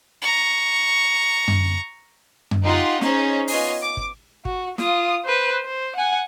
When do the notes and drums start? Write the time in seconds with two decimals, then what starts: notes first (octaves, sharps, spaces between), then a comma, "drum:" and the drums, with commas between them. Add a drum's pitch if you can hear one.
0.22 A#5 C#6
1.48 drum: tom F#2
2.51 drum: tom F#2
2.64 D#4 F4 G4 F#5 C6
3.01 C#4 D#4 G#4 C5 C#5, drum: snare
3.48 B3 F4 C#5 D#5 G#5 C7, drum: open hi-hat
3.82 D6
3.97 drum: kick G#1
4.45 F#4, drum: kick G#1
4.78 F4 D#6, drum: snare
5.25 B4 C5
5.65 C5
5.96 F#5 G#5